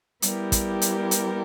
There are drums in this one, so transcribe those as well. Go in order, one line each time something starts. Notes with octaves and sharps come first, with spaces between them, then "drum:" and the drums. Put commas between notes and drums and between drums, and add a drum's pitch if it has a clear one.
G3 B3 E4 G4 A#4, drum: hi-hat
drum: kick, hi-hat
drum: hi-hat
drum: hi-hat